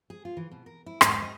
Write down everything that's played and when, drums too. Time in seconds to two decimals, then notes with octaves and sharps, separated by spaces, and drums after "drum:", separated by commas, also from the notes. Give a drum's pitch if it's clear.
0.10 G#4
0.25 F4
0.37 E3
0.52 B2
0.66 A#4
0.86 E4
1.01 G#2, drum: rim click
1.22 D#5